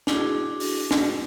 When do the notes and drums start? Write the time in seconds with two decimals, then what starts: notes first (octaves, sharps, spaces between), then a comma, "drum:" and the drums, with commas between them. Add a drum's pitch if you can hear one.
0.07 D4 E4 F#4 G#4, drum: snare
0.60 drum: open hi-hat
0.91 drum: snare